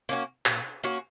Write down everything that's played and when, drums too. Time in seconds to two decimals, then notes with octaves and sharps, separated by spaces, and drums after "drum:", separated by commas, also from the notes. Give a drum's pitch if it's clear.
0.09 A#3 C#4 F#4
0.46 A#2, drum: clap
0.84 A#3 C#4 F#4